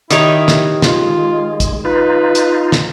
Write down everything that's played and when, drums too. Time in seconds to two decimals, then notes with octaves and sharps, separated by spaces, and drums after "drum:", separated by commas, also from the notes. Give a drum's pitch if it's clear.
0.11 D#3 E4 G4 C#5 D#5 D#6, drum: hi-hat
0.48 drum: snare
0.82 G#3 F4, drum: snare
1.60 drum: kick, hi-hat
1.85 D#4 F4 B4
2.35 drum: hi-hat
2.72 drum: snare